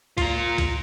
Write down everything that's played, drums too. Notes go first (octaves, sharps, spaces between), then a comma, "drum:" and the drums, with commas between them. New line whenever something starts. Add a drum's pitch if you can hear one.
F4 A#5, drum: kick, cymbal
drum: kick, cymbal